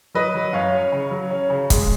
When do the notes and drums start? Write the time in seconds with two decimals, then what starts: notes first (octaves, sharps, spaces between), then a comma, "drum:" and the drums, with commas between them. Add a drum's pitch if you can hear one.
0.14 F#3 B4 D#5
0.35 F#3
0.53 F#2 C#5 F5
0.72 C#4
0.92 C#3
1.11 F#3
1.30 C#4
1.50 C#3
1.70 G#3, drum: kick E1, hi-hat